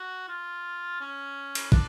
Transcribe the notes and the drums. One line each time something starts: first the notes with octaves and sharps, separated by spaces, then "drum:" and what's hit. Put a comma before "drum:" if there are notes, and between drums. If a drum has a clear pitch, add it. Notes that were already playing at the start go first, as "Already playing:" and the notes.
Already playing: F#4
F4
C#4
drum: cymbal
D4, drum: kick